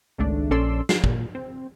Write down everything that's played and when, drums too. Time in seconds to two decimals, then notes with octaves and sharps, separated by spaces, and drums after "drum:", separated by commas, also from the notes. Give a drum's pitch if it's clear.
0.18 G#1 C#2 A3 D4
0.51 A#1 C#4 A4 D5 C6 E6
0.89 C7, drum: snare
1.04 A#2, drum: kick
1.35 C4